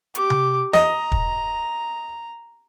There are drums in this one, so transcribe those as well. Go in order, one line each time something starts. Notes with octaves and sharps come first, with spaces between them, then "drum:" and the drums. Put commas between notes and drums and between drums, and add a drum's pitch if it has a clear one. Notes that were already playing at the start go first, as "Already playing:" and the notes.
G4 D6, drum: hi-hat
drum: tom C3
D#5 A#5, drum: snare
drum: kick